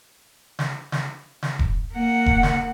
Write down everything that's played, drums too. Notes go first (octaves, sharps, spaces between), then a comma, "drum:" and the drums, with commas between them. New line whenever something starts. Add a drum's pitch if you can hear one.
drum: snare
drum: snare
drum: snare
drum: kick E1
A#3 F#5
drum: kick E1
drum: snare